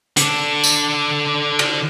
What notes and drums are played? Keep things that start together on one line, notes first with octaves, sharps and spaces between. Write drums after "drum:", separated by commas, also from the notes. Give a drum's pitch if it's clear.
D3 D4, drum: hi-hat
drum: tambourine
drum: cymbal